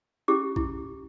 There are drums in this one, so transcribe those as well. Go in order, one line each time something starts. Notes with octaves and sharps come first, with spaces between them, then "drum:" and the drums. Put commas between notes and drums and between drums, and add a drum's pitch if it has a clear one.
C#4 E4 G4 D6
E4, drum: kick A#1